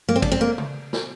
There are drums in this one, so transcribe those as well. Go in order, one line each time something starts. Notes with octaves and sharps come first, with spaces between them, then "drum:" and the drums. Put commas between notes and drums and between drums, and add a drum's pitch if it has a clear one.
A#3
C4
D4, drum: kick, cymbal
C4
A#3
drum: tom C#3
drum: snare